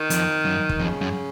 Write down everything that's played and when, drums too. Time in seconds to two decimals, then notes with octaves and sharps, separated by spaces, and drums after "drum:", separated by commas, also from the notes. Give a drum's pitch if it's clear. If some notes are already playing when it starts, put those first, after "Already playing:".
Already playing: D#3
0.10 F2, drum: hi-hat
0.45 F#2
0.69 drum: kick
0.79 F2 C#3
1.01 F#2